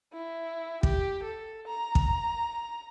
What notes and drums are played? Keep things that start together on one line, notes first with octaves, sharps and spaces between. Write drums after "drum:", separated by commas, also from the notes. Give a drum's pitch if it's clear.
E4
G4, drum: kick
A4
A#5
drum: kick